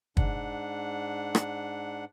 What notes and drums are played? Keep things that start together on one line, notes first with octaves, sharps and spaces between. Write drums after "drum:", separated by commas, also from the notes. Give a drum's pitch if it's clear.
G#2 D4 F#5, drum: kick
drum: rim click